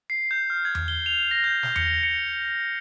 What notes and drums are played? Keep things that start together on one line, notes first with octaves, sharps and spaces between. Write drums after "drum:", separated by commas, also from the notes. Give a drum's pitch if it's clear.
C7
G6
F6
G#6
drum: tom E2
G7
F7
A#6
G6
drum: snare
C#7, drum: tom E2
C#7